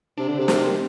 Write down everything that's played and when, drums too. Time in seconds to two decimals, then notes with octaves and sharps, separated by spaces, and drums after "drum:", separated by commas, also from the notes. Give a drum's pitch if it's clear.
0.17 C3 D4
0.28 D3
0.38 C3 D4
0.48 C4, drum: snare